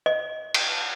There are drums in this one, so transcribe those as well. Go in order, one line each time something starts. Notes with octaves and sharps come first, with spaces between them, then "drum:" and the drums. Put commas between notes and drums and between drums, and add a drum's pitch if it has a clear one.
D#5
drum: cymbal